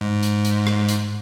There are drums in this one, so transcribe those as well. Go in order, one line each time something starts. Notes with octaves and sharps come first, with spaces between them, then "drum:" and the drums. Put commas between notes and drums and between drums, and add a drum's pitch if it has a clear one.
G#2
drum: hi-hat
drum: hi-hat
drum: rim click
drum: hi-hat